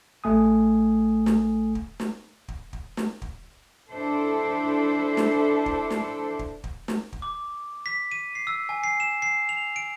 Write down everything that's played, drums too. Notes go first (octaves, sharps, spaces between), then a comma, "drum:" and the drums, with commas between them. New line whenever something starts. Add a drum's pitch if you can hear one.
A1 A3 G#5 D#6
drum: snare
drum: kick
drum: snare
drum: kick
drum: kick
drum: snare
drum: kick
D4 E4 A4 C5
drum: snare
drum: kick
drum: snare
drum: kick
drum: kick
drum: snare
drum: kick
D6
B6
D#7
C7
E6
G#5
C7
E7
C7
F7
D7